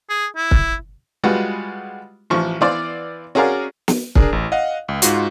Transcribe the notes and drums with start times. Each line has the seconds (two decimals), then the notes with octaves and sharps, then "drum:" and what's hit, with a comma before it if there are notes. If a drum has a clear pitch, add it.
0.09 G#4
0.36 E4
0.51 drum: kick
1.23 G3 G#3 F4 F#4 B4 F#5
2.30 A1 F3 C#6
2.61 E3 B3 C5 D5 F5
3.35 C#4 F#4 G#4 A#4 D5 F5
3.88 drum: snare
4.15 D4 G#4 A#4, drum: kick
4.33 A1
4.52 D#5 F5 F#5
4.89 C#2
5.02 G#2 F4 F#4, drum: hi-hat